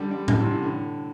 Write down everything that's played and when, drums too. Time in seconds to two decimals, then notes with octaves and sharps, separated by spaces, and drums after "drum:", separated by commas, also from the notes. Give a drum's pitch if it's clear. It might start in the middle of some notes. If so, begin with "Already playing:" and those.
Already playing: D3 G3
0.11 D3 G3
0.28 A2 D3, drum: tom A2
0.40 C3 E3
0.51 A2 D3
0.63 A2 D3